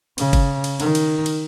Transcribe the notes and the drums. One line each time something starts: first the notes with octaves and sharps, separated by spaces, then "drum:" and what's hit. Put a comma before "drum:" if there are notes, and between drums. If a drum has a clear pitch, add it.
C#3, drum: cymbal
drum: kick G1, cymbal
drum: cymbal
D#3, drum: cymbal
drum: cymbal
drum: cymbal